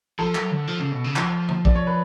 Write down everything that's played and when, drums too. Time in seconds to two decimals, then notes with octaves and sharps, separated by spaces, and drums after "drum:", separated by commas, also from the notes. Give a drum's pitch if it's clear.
0.19 F3 A4
0.35 F#3, drum: clap
0.51 D3
0.68 F3
0.79 C#3
0.92 B2
1.04 C#3
1.16 F3, drum: clap
1.49 drum: tom
1.65 D5, drum: kick
1.75 C#5
1.87 B4